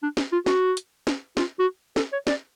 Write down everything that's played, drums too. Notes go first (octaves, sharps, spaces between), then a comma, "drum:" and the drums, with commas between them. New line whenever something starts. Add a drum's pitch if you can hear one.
D4
drum: snare
F4
F#4, drum: snare
drum: hi-hat
drum: snare
F4, drum: snare
F#4
A4, drum: snare
C#5
D5, drum: snare